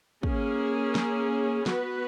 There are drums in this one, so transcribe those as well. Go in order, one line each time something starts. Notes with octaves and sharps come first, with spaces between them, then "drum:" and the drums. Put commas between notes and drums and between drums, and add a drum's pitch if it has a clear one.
A#3 C#4 G#4, drum: kick
drum: snare
B3 F#4 B4, drum: snare